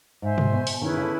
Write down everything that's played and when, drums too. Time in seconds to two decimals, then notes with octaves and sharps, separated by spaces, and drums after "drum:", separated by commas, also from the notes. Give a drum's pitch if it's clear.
0.22 G#2 C5 E5 G#5 C6
0.38 G#2, drum: tom B2
0.52 B2
0.67 B2, drum: open hi-hat
0.81 D#3 C#4 E4 G#4 B4
0.92 D#3
0.97 C#3
1.01 D3